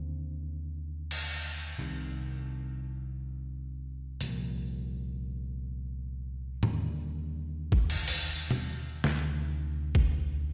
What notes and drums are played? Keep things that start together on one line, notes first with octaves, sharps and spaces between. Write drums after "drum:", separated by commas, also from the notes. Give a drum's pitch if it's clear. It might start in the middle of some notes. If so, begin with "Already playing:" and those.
Already playing: D#2 D3 C4
drum: cymbal
C2 C3 D#3
C2 A#2 F3, drum: hi-hat
D#2 D3 G3, drum: tom G#2
drum: kick G#1
drum: cymbal
drum: open hi-hat
drum: tom B2
D2 C3 D#3, drum: snare
drum: kick G#1